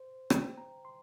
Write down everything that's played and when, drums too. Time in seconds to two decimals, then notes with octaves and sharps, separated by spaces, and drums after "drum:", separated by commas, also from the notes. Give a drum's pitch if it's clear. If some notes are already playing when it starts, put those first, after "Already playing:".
Already playing: C5
0.30 G5, drum: rim click
0.58 A#5
0.85 C6